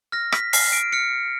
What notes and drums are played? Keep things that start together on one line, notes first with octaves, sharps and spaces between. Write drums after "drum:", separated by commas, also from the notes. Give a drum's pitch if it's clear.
F6 A#6
B6, drum: rim click
F6 C7, drum: open hi-hat
D7
F6 C#7